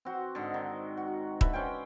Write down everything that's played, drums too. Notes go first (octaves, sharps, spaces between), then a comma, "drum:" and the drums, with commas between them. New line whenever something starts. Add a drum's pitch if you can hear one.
C4 F#4 C5
G#2 D3
D#3
F#4
D3 B4 E5 B5, drum: kick
C#4 C5 G5